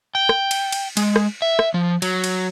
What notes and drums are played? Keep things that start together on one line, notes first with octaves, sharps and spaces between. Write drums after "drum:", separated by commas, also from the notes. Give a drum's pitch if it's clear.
G5
drum: rim click
drum: cymbal
drum: cymbal
G#3, drum: cymbal
drum: rim click
E5
drum: rim click
F3
F#3, drum: cymbal
drum: cymbal